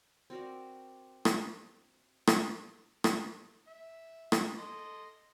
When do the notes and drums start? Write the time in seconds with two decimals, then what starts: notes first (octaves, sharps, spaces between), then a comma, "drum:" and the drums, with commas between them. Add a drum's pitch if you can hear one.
0.30 C4 F#4 A#4 D5
1.25 drum: rim click
2.27 drum: rim click
3.04 drum: rim click
3.67 E5
4.32 drum: rim click
4.58 A4 D#5 C6